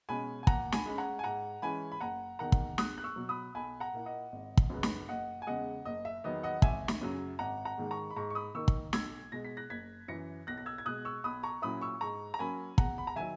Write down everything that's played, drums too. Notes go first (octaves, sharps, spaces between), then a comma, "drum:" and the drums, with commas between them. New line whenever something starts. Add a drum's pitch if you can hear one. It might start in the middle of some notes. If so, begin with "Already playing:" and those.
B2 G#3 C#4 G#5 B5
G#5
A#2 F#5 A#5, drum: kick
G#5 B5, drum: snare
G#3 C#4 B5
F#5 A#5
G#5
G#2 F#5 A#5
E3 G#3 C#4 G#5 B5
B5
F#1 F#5 A#5
E2 D#3 A#3 F#5 A#5
drum: kick
E2 D#6 F#6, drum: snare
F#6
C#6 E6
B2 F#3
B5 D#6
B1 G#5 B5
F#5 A#5
A#2 A#3 E4
D#5 F#5
G#1
drum: kick
F#2 C#3 G#3 B3
drum: snare
F#1 D#5 F#5
G#5
E2 C#3 G#3 D#5 F#5
F#1 D#5
E5
E2 D#3 F#3 B3 D#5
D#5 F#5
G#1 E5 G#5, drum: kick
drum: snare
F#2 C#3 F#3
G#1 F#5 A#5
F#5 A#5
G#2 D#3 G#3
A#5 C#6
B5
G#2 A#5 C#6
C#6
B5 D#6
D#3 A#3 D#4 C#6 E6
drum: kick
B1 E6 G#6, drum: snare
B2 G#3 A#6
B6
F#6 A#6
F#1 G#6 B6
F#2 E3 A#6 C#7
B1 F#6 A#6
A#6
E6 G#6
G#6
B2 G#3 D#6 F#6
C#6 E6
B1 B5 D#6
A#5 C#6
A#2 F#3 C#4 E4 B5 D#6
C#6 E6
G#2 A#5 C#6
A#5
F#3 A#3 C#4 G#5 B5
E2 F#5 A#5, drum: kick
B5
A#5
D#3 F#3 E5 G#5